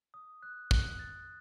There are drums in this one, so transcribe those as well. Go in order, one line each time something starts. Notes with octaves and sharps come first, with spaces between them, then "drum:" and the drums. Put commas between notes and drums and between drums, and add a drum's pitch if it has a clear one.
D#6
F#6
F#6, drum: kick
A6